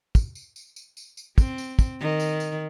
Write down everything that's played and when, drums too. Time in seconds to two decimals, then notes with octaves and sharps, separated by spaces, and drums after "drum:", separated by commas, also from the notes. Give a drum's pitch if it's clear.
0.15 drum: kick, tambourine
0.35 drum: tambourine
0.56 drum: tambourine
0.76 drum: tambourine
0.97 drum: tambourine
1.17 drum: tambourine
1.38 C4, drum: kick, tambourine
1.58 drum: tambourine
1.79 drum: kick, tambourine
2.00 D#3
2.20 drum: tambourine
2.40 drum: tambourine